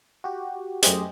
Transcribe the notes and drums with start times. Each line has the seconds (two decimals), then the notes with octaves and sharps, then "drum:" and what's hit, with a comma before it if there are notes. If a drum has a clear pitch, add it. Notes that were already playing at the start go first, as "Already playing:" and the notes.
0.24 F#4 G4
0.82 F#2 A3 G4 G#4 C5 D#5, drum: hi-hat